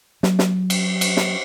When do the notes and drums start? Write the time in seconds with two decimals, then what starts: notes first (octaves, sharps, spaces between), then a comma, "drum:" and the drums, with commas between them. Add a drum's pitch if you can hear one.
0.23 F#3, drum: snare
0.39 drum: snare
0.70 drum: cymbal
1.01 drum: cymbal
1.17 drum: snare